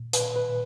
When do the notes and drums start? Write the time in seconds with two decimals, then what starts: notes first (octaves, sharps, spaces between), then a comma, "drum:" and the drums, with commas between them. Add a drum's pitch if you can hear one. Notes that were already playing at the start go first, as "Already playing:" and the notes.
Already playing: A#2
0.13 B4, drum: hi-hat
0.21 A#2
0.36 B4
0.49 A#2